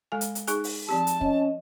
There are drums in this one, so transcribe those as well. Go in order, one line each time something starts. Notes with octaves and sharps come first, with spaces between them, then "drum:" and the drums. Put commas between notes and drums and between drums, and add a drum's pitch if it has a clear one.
G#3 A4 G#5
drum: hi-hat
drum: hi-hat
D#4 G#4 G#5, drum: hi-hat
drum: open hi-hat
F3 C4 G4 A5
drum: hi-hat
C#4 D#5, drum: kick